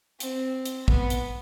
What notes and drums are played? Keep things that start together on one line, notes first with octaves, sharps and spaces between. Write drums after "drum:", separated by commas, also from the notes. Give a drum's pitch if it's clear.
C4, drum: hi-hat
drum: hi-hat
B3, drum: kick
drum: hi-hat